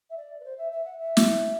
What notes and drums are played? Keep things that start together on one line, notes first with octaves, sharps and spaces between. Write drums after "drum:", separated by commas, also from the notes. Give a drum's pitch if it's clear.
E5
D5
B4
C5
E5
E5
F#5
E5
drum: snare